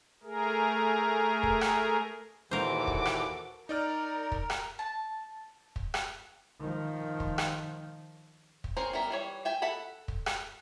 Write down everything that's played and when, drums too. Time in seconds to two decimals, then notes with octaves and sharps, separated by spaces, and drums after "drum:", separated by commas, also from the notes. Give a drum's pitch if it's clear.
0.23 A3 G#4 A#4
1.43 drum: kick
1.61 drum: rim click
2.51 D#2 A#2 E3 F#4 A4 A#4 C5 D6
2.87 drum: kick
3.05 drum: rim click
3.69 D#4 A#4 D5 F6
4.32 drum: kick
4.50 drum: rim click
4.79 A5
5.76 drum: kick
5.94 drum: rim click
6.61 D#3 F3
7.20 drum: kick
7.38 drum: rim click
8.64 drum: kick
8.77 C4 C#4 G#4 A#4 C5
8.93 G3 B3 A#4 E5
9.10 E3 G3 C#5
9.45 E5 G5 G#5
9.62 A4 E5 F#5 B5
10.08 drum: kick
10.26 drum: rim click